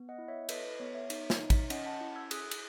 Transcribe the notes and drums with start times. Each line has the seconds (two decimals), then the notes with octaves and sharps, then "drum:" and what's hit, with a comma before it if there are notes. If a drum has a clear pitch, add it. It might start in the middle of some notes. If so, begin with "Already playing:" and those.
Already playing: B3
0.09 D#5 F#5
0.18 E4
0.28 C#5 E5
0.49 A4 B4 D#5, drum: cymbal
0.65 B4
0.79 B3 C#5
0.94 C#5 E5
1.10 D#4, drum: cymbal
1.30 drum: snare
1.40 D#4
1.50 drum: kick, cymbal
1.70 C#4 D#5 F#5, drum: cymbal
1.86 F#5 A5
2.01 E4
2.16 E6 G#6
2.31 G#4 D#6 F#6, drum: cymbal
2.51 drum: cymbal